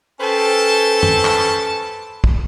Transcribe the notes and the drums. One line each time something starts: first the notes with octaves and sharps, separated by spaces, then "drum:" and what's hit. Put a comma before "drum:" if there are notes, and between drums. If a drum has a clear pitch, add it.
C#4 A4 B4 C5 G5 A5
drum: tom
drum: clap
drum: kick